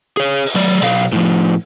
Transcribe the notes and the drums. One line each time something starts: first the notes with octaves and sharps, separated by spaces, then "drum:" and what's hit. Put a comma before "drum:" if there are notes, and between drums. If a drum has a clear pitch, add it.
G#4 C#5
drum: open hi-hat
F#3 D5
B1 F5, drum: hi-hat
A2 F3